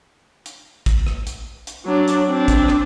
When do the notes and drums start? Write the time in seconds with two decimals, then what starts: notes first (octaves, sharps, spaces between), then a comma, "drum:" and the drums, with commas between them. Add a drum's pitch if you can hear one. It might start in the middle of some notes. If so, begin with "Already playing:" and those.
0.46 drum: hi-hat
0.86 drum: kick, hi-hat
1.07 drum: rim click
1.27 drum: hi-hat
1.67 drum: hi-hat
1.85 F#3 D4
2.08 drum: hi-hat
2.28 C4 D4
2.48 drum: kick, hi-hat
2.68 drum: rim click